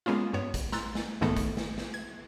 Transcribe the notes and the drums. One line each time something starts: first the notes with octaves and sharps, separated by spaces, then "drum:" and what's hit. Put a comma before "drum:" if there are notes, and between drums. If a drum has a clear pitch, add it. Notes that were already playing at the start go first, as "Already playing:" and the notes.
G#3 A#3 B3 C#4 F4
G2 B3 C#5
drum: kick, hi-hat
A#5 C6 E6 F#6 A6, drum: snare
drum: snare
B1 G#2 D#3 A3 B3 A4
drum: kick, hi-hat
drum: snare
drum: snare
G#6